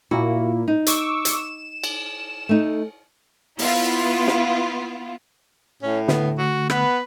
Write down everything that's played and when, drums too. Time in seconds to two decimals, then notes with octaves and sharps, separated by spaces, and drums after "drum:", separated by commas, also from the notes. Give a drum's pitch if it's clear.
0.11 A#2 A#3 E4 F#4
0.68 D#4
0.87 C#6 D6 E6, drum: hi-hat
1.25 drum: hi-hat
1.37 E7
1.84 drum: cymbal
2.49 A3 D#4
3.59 B3 E4 F4, drum: open hi-hat
4.28 drum: snare
5.82 A2 C#4
6.08 D3 A3 B3, drum: snare
6.38 F#4
6.70 B3 B4, drum: rim click